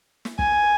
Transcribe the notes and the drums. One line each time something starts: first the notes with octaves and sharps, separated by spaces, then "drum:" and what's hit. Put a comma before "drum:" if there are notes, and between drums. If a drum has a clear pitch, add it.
drum: snare
G#5, drum: kick